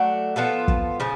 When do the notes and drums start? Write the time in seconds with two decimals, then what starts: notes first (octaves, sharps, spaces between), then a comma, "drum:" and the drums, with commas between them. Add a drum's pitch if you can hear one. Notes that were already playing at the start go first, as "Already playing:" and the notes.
Already playing: F#3 A3 D4 F#4
0.36 F3 B3 F4 A4
0.68 drum: kick
1.00 C#3 F3